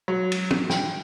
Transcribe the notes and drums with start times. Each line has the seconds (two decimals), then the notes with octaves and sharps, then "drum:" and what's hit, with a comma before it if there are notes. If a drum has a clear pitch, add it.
0.08 F#3
0.32 drum: cymbal
0.51 drum: tom
0.70 G5, drum: snare